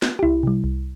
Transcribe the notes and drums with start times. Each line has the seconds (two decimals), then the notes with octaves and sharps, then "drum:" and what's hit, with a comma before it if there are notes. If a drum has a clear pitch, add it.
0.02 drum: snare
0.19 G4
0.23 C2 E4
0.43 C3 G3
0.64 C2